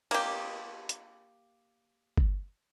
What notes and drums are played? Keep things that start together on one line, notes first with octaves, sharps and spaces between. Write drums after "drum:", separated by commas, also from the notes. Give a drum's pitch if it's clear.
A#3 G4, drum: cymbal
drum: hi-hat
drum: kick G1